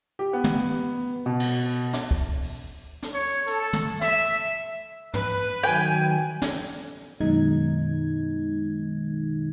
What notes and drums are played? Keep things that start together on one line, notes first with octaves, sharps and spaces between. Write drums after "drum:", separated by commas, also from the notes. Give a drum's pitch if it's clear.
G4
B3
drum: tom
B2
drum: cymbal
drum: snare
drum: kick
drum: open hi-hat
drum: snare
C#5
A4, drum: hi-hat
drum: tom
E5, drum: snare
B4, drum: tom
D#3 F#3 G5 G#5
drum: snare
F#2 B2 D#3 G#3 D#4 G#6